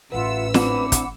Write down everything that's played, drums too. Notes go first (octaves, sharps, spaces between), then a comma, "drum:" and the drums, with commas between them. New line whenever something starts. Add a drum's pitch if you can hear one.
A1 F4 B4 E5 F#5 E6
C4 D4 E4 F#5 B5 D6, drum: snare
drum: kick, hi-hat